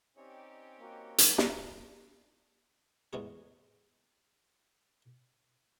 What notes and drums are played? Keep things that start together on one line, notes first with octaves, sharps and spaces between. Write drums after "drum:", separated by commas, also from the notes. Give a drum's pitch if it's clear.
C4 C#4 D#4 G4 C#5 D5
A#3 F#4 D#5
drum: hi-hat
B4 G#5 A#5, drum: snare
A1 E2 E3 G#3 F#4 G#4